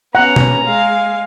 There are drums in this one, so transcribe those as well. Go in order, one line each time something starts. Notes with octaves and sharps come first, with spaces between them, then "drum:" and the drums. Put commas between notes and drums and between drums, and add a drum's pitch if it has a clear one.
B3 C#4 F#5 A#5
drum: tom B2
G#3 F5